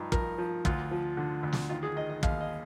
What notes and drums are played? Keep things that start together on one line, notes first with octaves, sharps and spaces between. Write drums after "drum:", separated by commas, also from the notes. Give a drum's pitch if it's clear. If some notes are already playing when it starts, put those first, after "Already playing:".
Already playing: G2 F3 D#4
F3 A#4, drum: kick
F3
D2 F4, drum: kick
F3
D3
D2
drum: snare
D#3 F4
G#4
D#3 D#5
D#5
D#2 F5, drum: kick
D#5